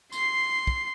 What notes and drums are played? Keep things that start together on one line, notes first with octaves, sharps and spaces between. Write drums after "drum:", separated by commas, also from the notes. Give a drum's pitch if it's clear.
C6 C7, drum: tambourine
drum: kick